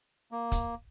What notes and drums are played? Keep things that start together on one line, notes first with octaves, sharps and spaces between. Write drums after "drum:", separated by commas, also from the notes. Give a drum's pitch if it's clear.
A#3
drum: kick, hi-hat